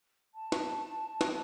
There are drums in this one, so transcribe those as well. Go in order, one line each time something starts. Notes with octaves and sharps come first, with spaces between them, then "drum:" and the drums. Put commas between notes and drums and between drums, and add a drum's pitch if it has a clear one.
A5
drum: snare
drum: snare